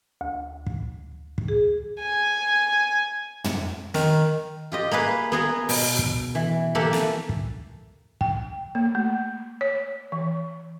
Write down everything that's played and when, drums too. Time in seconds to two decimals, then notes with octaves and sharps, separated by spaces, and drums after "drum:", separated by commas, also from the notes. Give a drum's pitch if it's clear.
0.21 D2
0.66 drum: kick
1.38 drum: kick
1.48 G#4
2.00 G#5
3.44 drum: tom
3.94 D#3, drum: snare
4.72 F4 G4 D#5
4.91 A#3 G#4 B4 F5
5.32 B3 G#4 A#4 A#5
5.69 B2, drum: open hi-hat
5.99 drum: kick
6.35 E3
6.75 E3 A#3 G4 A4 F#5
6.93 drum: snare
7.29 drum: kick
8.21 G5, drum: kick
8.75 A#3
8.95 A3
9.61 C#5
10.12 E3